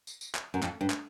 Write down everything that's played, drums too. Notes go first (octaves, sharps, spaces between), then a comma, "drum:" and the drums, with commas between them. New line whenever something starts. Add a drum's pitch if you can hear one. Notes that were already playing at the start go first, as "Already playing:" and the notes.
drum: tambourine
drum: tambourine
drum: clap
F#2
F2, drum: clap
G2
drum: clap